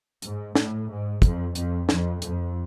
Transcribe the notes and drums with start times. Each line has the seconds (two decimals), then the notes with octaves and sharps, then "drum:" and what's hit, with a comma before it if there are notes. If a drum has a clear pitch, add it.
0.22 G#2, drum: hi-hat
0.55 A2, drum: snare
0.89 G#2
1.22 F2, drum: kick, hi-hat
1.55 F2, drum: hi-hat
1.89 F2, drum: snare
2.22 F2, drum: hi-hat